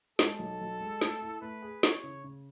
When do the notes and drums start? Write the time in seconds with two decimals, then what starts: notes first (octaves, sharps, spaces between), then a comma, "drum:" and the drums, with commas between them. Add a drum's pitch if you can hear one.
0.19 G#3 A4, drum: snare
0.39 B1
0.61 B1
0.80 G#3
1.01 A3, drum: snare
1.22 E4
1.41 A3 B4
1.62 G#4
1.83 E3 C#5, drum: snare
2.03 C#3
2.24 C#3